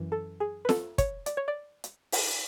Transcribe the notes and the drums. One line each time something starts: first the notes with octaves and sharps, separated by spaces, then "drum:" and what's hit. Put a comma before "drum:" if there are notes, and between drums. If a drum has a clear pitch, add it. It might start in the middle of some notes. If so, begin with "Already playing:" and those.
Already playing: F#2 E3
A4
G#4
B4
A4, drum: snare
C#5, drum: kick, hi-hat
D5, drum: hi-hat
C#5
D5
drum: hi-hat
drum: open hi-hat